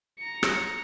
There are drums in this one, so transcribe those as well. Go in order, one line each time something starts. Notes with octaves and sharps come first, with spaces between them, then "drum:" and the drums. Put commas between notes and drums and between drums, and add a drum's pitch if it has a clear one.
A#5 C#7
drum: rim click